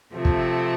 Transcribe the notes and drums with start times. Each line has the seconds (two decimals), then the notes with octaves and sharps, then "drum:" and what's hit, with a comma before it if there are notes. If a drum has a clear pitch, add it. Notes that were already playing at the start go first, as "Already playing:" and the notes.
0.15 C3 F3 A3 C4
0.25 drum: kick